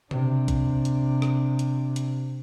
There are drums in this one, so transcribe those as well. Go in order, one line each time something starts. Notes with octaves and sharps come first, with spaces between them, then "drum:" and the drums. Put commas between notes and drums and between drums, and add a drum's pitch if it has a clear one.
C3 D4, drum: tom C#3
drum: kick A1, hi-hat
drum: hi-hat
drum: rim click
drum: hi-hat
drum: hi-hat